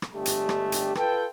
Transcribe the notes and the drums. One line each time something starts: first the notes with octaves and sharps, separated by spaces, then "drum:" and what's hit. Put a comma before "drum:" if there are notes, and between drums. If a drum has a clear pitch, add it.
drum: rim click
G1 G#3 A3 D4 G4
drum: hi-hat
drum: rim click
drum: hi-hat
F4 A4 B4 G5, drum: rim click